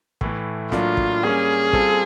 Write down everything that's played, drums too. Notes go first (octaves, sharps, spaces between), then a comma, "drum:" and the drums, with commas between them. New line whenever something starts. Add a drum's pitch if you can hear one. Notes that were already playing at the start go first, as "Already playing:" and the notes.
A2 E3 A3, drum: kick
A2 F#3 A#3 D4 F4, drum: snare
drum: kick
G3 A#3 C#4 G#4
G3 C4 F4 A4, drum: kick